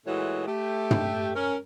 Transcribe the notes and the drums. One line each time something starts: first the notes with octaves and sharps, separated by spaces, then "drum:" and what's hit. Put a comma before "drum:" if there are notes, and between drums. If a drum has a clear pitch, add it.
A#2 E3 G#3 A3 F#4 C#5
A3 G4
drum: tom
C#4 A#4